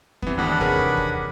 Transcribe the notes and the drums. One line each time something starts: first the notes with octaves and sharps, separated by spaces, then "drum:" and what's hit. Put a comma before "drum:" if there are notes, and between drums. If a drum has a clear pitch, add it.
E3 G3 B3 C4, drum: kick
G#1 D#2 A2 E3 D4 F#5 B5
C3 D#3 G#4 A#4 B4 C#5, drum: kick
drum: kick